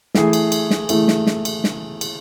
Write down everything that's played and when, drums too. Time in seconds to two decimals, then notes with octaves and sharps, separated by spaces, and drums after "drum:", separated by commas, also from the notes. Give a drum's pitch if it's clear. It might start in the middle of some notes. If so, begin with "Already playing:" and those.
0.15 E3 A3 E4 G#4, drum: snare
0.33 drum: cymbal
0.52 drum: cymbal
0.71 drum: snare
0.89 E3 A3 E4 G#4, drum: cymbal
1.08 drum: snare
1.27 drum: snare
1.45 drum: cymbal
1.64 drum: snare
2.01 drum: cymbal